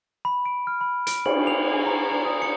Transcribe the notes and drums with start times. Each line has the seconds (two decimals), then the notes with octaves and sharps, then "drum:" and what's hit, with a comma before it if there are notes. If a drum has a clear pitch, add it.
0.25 B5
0.46 D7
0.67 F6
0.81 B5
1.07 D7, drum: hi-hat
1.26 F#7, drum: cymbal
1.47 F7
1.73 G#5
1.86 A#5
2.11 A#5
2.25 D#6
2.42 C#7